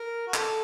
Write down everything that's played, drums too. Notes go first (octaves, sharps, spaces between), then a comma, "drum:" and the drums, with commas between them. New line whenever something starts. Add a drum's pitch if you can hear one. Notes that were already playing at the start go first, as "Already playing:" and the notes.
Already playing: A#4
F#4
A4, drum: clap